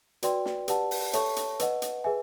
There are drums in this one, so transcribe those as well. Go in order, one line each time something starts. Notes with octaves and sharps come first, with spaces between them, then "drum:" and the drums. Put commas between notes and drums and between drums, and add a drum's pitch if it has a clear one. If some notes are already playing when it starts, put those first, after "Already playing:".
F#4 B4 D5 G5 C6, drum: hi-hat
drum: snare
G4 B4 D5 F#5 A5, drum: hi-hat
drum: open hi-hat
A4 C#5 E5 A5 C#6, drum: hi-hat
drum: hi-hat
B4 D#5 F#5, drum: hi-hat
drum: hi-hat
G#4 B4 E5 G#5